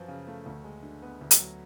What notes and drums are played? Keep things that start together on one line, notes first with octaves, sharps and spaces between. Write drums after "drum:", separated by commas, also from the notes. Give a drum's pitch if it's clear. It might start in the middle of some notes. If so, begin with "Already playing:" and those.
Already playing: F#2 F3 B4
C#3
A3
D2
G#3
D3
B3
D2
drum: hi-hat
F#3